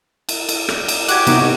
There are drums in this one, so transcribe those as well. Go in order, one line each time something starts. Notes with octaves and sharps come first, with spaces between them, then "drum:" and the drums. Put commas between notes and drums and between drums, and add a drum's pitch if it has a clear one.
drum: cymbal
drum: cymbal
drum: rim click
drum: cymbal
F#4 G4 D6 F#6 G#6, drum: cymbal
C3 B3 D#4, drum: cymbal